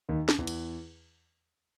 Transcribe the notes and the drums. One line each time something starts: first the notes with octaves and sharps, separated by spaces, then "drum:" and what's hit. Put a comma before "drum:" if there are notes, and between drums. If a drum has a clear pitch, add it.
D#2 D#3
drum: snare
E2 E3
drum: cymbal